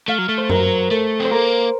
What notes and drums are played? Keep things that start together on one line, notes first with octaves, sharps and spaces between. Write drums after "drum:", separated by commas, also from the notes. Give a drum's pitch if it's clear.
A3 F5
F#3
A3
C5
F#3 A#4, drum: tom F#2
A3 A4
C4 C5
A#3 A#4